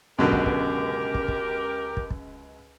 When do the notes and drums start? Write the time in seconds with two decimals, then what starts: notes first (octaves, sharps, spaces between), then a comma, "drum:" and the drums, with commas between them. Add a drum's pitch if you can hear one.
0.19 C#2 F#2 B2 D3 G4 A#4
0.32 drum: kick
0.46 drum: kick
1.15 drum: kick
1.28 drum: kick
1.97 drum: kick
2.10 drum: kick